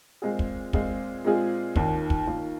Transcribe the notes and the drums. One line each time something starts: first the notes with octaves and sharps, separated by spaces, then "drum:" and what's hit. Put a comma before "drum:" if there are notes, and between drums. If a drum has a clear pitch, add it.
A#2 G#3 C4 F4 G#4
drum: kick
A#2 G#3 C4 F4 G#4, drum: kick
A#2 G#3 C4 F4 G#4
D#2 D#3 A#3 F4, drum: kick
drum: kick
D#2 D#3 A#3 F4